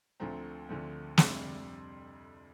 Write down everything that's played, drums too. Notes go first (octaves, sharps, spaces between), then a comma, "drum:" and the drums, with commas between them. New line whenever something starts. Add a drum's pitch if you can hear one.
D2 D3 F3 A3 C4 A#5
D2 D3 F3 A3 C4
F2 C3 G3 D4 C6, drum: snare